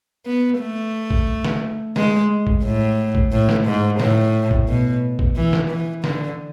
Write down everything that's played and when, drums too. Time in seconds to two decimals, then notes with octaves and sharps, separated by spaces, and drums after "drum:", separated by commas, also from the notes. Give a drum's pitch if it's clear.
0.25 B3
0.59 A3
1.10 drum: kick
1.45 drum: snare
1.96 G#3, drum: snare
2.47 drum: kick
2.63 A2
3.15 drum: kick
3.32 A2
3.49 drum: snare
3.66 G#2
4.00 A2, drum: snare
4.51 drum: kick
4.68 B2
5.19 drum: kick
5.36 E3
5.53 drum: snare
5.70 E3
6.04 D3, drum: snare